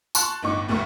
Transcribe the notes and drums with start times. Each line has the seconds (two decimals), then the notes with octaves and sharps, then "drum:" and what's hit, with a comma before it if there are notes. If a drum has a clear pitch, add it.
0.15 A5 C6 C#6 F#6, drum: tambourine
0.42 G1 A2 D#4 C#6 D6
0.69 F1 C2 A2 A3 A#4 C#6